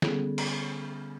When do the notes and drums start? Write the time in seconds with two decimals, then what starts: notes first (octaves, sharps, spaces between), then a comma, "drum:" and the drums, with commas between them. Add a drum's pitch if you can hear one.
0.02 D3 G3 B3 C#4 G#4 A4, drum: snare
0.38 drum: cymbal